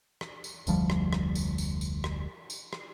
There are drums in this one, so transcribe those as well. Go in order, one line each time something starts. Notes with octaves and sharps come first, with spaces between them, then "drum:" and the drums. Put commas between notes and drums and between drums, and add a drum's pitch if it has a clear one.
drum: rim click
drum: tambourine
F1 D2 F3 G3, drum: tambourine
drum: rim click
drum: rim click
drum: tambourine
drum: tambourine
drum: tambourine
drum: rim click
drum: tambourine
drum: rim click